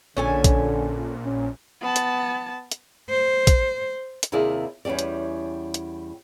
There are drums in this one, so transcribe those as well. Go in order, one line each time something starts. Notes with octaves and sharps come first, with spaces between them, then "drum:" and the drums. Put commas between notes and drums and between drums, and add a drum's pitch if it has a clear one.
A#1 A#2 D3 C#4 A4 G#5
drum: kick, hi-hat
C#4
B3 A5
drum: hi-hat
drum: hi-hat
C5
drum: kick, hi-hat
drum: hi-hat
D#2 C3 A#3 E4 G#4 D5
E2 G3 C#4 G4 D5
drum: hi-hat
drum: hi-hat